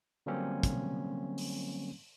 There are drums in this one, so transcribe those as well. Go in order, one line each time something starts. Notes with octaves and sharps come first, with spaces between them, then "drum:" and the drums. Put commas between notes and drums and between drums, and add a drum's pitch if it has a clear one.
D3 F#3 G3 A#3 C4 C#4
drum: kick, hi-hat
drum: open hi-hat